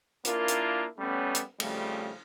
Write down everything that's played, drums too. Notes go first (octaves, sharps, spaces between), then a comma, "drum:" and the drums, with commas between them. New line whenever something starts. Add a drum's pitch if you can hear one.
A#3 D4 E4 F4 A#4, drum: hi-hat
drum: hi-hat
G3 A3 B3 C#4
drum: hi-hat
F2 C#3 F3 G3 A3, drum: cymbal